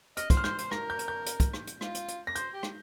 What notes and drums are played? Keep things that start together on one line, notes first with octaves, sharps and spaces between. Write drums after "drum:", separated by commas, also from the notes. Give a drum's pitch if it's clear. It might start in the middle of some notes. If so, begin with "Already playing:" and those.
D#5 F6, drum: hi-hat
C5, drum: kick, hi-hat
F6
C5 G6, drum: rim click
C5, drum: hi-hat
A#4 A#6, drum: rim click
G6
drum: hi-hat
G6
drum: hi-hat
drum: kick, hi-hat
drum: rim click
drum: hi-hat
F4, drum: rim click
drum: hi-hat
drum: hi-hat
A#6
C5 G6, drum: hi-hat
G4
drum: rim click